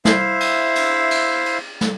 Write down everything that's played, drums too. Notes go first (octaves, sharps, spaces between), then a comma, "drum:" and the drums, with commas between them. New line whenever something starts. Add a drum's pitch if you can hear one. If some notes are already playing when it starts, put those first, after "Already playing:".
E4 C5 E5 F5, drum: snare
drum: cymbal
drum: cymbal
drum: cymbal
drum: cymbal
drum: snare